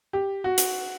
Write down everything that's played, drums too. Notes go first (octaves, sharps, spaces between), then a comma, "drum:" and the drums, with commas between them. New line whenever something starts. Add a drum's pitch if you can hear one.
G4
F#4
drum: hi-hat